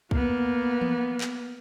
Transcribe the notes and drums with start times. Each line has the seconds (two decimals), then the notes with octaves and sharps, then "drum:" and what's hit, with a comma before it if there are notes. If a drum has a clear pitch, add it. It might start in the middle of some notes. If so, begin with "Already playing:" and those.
0.11 A#3 B3, drum: kick A#1
0.82 drum: tom E3
1.21 drum: clap